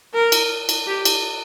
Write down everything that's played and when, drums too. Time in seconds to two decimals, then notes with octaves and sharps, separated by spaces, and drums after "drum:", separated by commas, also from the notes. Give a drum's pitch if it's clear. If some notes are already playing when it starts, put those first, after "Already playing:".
0.14 A#4
0.32 drum: cymbal
0.69 drum: cymbal
0.87 G4
1.05 drum: cymbal